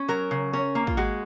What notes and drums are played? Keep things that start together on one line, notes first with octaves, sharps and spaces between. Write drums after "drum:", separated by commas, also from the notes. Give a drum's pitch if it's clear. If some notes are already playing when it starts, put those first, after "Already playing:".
Already playing: C#4
F#3 A#4
C#3
C#4 A#4
A#3
F4, drum: kick
G#3 F#4